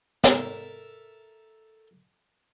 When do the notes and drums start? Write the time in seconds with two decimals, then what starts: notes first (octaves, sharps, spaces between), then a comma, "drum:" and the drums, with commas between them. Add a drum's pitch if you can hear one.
0.24 A4 A#4 E5, drum: snare